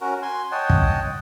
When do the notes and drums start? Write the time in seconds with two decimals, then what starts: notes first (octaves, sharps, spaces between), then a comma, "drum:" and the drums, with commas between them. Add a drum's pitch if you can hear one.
0.01 C#4 F#4 A#4
0.22 G#5 C6
0.52 C#5 D#5 F#5 G5 A5
0.70 drum: kick